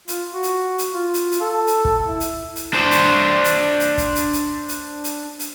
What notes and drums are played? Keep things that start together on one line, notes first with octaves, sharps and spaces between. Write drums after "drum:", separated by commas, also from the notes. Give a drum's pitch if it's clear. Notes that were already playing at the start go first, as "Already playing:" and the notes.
F4, drum: hi-hat
F#4
drum: hi-hat
drum: hi-hat
F4
drum: hi-hat
drum: hi-hat
A4
drum: hi-hat
drum: kick
E4
drum: hi-hat
drum: hi-hat
D4 C5
drum: hi-hat
drum: hi-hat
drum: hi-hat
drum: kick, hi-hat
drum: hi-hat
drum: hi-hat
drum: hi-hat
drum: hi-hat
drum: hi-hat